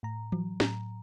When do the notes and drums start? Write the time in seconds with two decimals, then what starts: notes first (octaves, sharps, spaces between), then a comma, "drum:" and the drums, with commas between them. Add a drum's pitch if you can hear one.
0.03 A2 A#5
0.32 F#3, drum: tom E3
0.60 A2 A#5, drum: snare